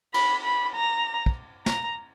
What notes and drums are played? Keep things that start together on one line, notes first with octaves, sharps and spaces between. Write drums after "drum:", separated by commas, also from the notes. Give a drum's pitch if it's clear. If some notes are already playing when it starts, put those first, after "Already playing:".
B5, drum: cymbal
B5
A#5
drum: kick
A#5, drum: snare